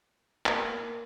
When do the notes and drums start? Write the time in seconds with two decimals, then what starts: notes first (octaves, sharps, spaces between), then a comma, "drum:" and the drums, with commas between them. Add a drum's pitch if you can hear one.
0.46 A#3, drum: clap